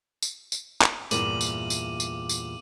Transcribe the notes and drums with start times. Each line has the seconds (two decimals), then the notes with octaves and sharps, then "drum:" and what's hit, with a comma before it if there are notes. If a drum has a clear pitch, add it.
0.22 drum: tambourine
0.52 drum: tambourine
0.82 drum: clap
1.11 E2 G2 A#2 D6 D#7 F#7, drum: tambourine
1.41 drum: tambourine
1.70 drum: tambourine
2.00 drum: tambourine
2.29 drum: tambourine